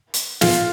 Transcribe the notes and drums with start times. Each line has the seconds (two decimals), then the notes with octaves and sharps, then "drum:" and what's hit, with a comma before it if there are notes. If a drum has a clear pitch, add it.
0.14 drum: hi-hat
0.41 F4 F5, drum: snare